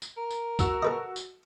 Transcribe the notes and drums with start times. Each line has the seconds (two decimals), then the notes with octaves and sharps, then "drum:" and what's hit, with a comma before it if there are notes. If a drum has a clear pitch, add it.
0.02 drum: tambourine
0.17 A#4
0.30 drum: tambourine
0.59 F#4 E6 F7, drum: kick C#2, tambourine
0.82 A4 B4 D#5
1.16 drum: tambourine